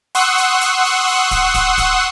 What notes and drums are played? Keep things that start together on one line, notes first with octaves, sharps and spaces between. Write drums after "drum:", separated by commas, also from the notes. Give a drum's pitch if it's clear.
F#5 C6 C#6 D#6 E6 F#6, drum: hi-hat
drum: hi-hat
drum: hi-hat
drum: open hi-hat
drum: open hi-hat
drum: kick, hi-hat
drum: kick, hi-hat
drum: kick, hi-hat